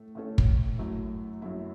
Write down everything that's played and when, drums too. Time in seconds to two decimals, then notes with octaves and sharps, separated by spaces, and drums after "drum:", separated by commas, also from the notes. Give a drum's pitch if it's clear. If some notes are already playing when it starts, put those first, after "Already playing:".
Already playing: A2 A3 A4
0.15 A2 A3 C#4 A4
0.38 drum: kick
0.78 F#2 F#3 A3 E4
1.42 F#2 F#3 A3 E4